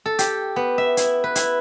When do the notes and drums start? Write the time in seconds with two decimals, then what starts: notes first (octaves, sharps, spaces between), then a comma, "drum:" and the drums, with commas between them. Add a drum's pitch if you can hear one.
0.06 A4
0.19 G4, drum: hi-hat
0.56 B3
0.78 E5
0.97 E4, drum: hi-hat
1.24 B4
1.35 E4, drum: hi-hat